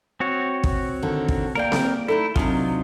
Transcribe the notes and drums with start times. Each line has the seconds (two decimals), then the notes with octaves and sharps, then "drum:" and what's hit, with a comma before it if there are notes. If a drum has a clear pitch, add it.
0.20 C4 F#4 C#5
0.64 drum: kick
1.02 D3 D#3
1.28 drum: kick
1.55 A#3 A#4 D5 F5 G5
1.72 drum: snare C4
2.08 A3 D#4 E4 A4
2.36 C3 F#3 D4 D#4 F4 G#5, drum: kick